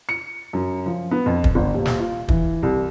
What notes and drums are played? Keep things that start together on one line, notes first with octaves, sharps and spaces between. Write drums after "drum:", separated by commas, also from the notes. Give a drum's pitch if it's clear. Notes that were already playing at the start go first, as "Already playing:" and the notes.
C#7
F#2
F3
B3
F2
drum: kick
G1
D#1
drum: snare
F4
E3, drum: kick
C2